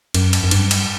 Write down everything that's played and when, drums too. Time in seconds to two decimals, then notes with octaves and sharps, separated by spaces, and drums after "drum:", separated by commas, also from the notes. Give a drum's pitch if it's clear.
0.14 F#2, drum: cymbal
0.33 drum: cymbal
0.44 F#2
0.51 G2, drum: cymbal
0.71 drum: cymbal